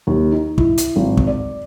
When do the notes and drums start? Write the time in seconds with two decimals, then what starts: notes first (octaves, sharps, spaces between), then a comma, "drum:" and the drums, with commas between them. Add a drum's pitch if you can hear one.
0.07 D#2
0.32 D#4
0.58 E4, drum: kick
0.78 drum: hi-hat
0.96 G#1
1.17 drum: kick
1.27 D5